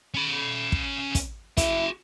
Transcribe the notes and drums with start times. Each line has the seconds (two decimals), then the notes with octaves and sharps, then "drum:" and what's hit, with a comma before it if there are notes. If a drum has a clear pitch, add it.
0.14 C#4 B5
0.72 drum: kick
1.15 drum: kick, hi-hat
1.57 E4 F#4 G#4, drum: kick, hi-hat